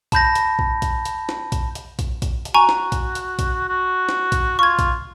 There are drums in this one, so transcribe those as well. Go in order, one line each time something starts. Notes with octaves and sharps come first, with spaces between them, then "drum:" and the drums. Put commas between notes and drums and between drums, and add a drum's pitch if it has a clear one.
A5 B5 G6 A#6, drum: kick A#1, hi-hat
drum: hi-hat
drum: kick A#1
drum: kick A#1, hi-hat
drum: hi-hat
drum: snare
drum: kick A#1, hi-hat
drum: hi-hat
drum: kick A#1, hi-hat
drum: kick A#1, hi-hat
drum: hi-hat
F#4 G#5 A#5 C#6
drum: snare
drum: kick A#1, hi-hat
drum: hi-hat
drum: kick A#1, hi-hat
F#4
drum: snare
drum: kick A#1, hi-hat
F4 C#6 G#6
drum: kick A#1, hi-hat